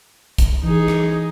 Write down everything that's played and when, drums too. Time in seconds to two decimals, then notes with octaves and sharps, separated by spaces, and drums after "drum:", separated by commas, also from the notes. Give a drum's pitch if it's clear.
0.38 drum: kick, hi-hat
0.63 E3 D#4 G#4
0.88 drum: rim click